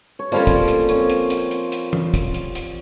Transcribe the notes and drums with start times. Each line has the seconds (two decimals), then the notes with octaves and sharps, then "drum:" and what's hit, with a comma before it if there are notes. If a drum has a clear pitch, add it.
0.19 C#5
0.32 F3 G3 A#3 C4 C#4 A4
0.47 drum: kick, hi-hat
0.68 drum: hi-hat
0.89 C4 C#5, drum: hi-hat
1.10 drum: hi-hat
1.30 drum: hi-hat
1.51 drum: hi-hat
1.72 drum: hi-hat
1.93 drum: tom
2.14 drum: kick, hi-hat
2.34 drum: hi-hat
2.55 drum: hi-hat